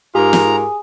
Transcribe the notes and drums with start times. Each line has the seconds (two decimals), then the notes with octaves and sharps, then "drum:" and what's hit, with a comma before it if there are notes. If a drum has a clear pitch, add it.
0.15 G#2 F4 G4 G#4 A#4 A#5
0.33 drum: snare